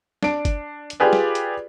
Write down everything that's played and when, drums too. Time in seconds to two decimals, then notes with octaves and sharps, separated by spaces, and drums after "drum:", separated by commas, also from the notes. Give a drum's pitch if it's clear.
0.23 D4 D7, drum: snare
0.45 drum: kick G1, hi-hat
0.90 drum: hi-hat
1.00 F4 G4 G#4 B4 D5
1.13 drum: snare
1.35 drum: hi-hat